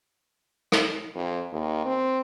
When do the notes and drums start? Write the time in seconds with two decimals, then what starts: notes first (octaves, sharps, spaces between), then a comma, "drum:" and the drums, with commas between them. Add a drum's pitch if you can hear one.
0.72 drum: rim click
1.15 F2
1.52 D#2
1.85 C4